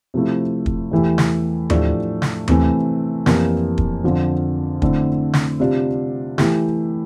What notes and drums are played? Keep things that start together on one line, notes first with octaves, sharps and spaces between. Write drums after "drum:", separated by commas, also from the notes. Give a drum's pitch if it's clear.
C3 F3 A3 E4
drum: kick
E2 E3 A3 E4 G4
drum: snare
A2 F3 A3 D4 G4, drum: tom D#2
drum: snare
C3 E3 A3 C4, drum: tom D#2
F2 E3 G3 A#3, drum: snare
drum: kick
F2 D3 F3
D3 A3 C4 E4, drum: kick
drum: snare
C3 G3 D4 F4
E3 A3 E4 G4, drum: snare